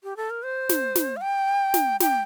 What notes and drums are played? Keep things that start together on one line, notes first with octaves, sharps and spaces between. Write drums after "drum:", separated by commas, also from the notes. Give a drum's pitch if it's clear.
G4
A4
A#4
C5
drum: snare
drum: snare
F5
G5
drum: snare
G5, drum: snare